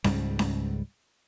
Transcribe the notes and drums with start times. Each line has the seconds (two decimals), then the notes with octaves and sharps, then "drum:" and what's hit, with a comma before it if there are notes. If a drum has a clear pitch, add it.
0.04 C#2 G#2 G3, drum: snare C#4
0.39 drum: snare C#4